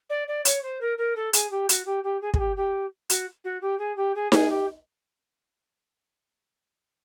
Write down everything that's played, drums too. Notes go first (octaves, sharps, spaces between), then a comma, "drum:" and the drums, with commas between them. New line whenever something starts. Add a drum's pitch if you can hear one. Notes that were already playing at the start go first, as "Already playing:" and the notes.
D5
D5
C#5, drum: hi-hat
C5
A#4
A#4
A4
G#4, drum: hi-hat
G4
F#4, drum: hi-hat
G4
G4
G#4
G#4, drum: kick
G4
G4
F#4, drum: hi-hat
F#4
G4
G#4
G4
G#4
G#4, drum: snare D#4
G4